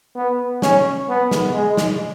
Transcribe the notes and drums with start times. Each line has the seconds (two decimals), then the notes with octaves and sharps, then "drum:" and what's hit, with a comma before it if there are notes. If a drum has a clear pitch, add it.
0.16 B3
0.62 C#4, drum: snare
1.09 B3
1.31 drum: snare
1.54 G#3
1.77 drum: snare